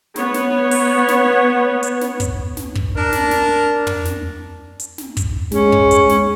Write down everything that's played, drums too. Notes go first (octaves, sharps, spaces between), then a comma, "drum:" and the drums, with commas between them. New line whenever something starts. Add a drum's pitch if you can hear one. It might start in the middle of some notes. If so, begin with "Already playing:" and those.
B3 C#5, drum: snare
drum: snare
drum: open hi-hat
drum: snare
drum: hi-hat
drum: snare
drum: kick, hi-hat
drum: snare
drum: kick
D4 A#4
drum: snare
drum: snare
drum: tom
drum: snare
drum: hi-hat
drum: snare
drum: kick, hi-hat
G#3 C#4, drum: snare
drum: kick
drum: hi-hat
drum: snare